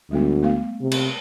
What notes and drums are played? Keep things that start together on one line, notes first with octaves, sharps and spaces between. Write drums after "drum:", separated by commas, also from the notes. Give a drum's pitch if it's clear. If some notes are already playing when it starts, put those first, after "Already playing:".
D2 G3 G#3 B3
A3 B3 F5
C3
drum: cymbal